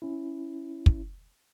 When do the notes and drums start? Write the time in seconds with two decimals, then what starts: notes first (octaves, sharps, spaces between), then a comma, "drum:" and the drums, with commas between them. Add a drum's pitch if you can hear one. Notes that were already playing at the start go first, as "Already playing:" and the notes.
0.02 C#4 E4
0.86 drum: kick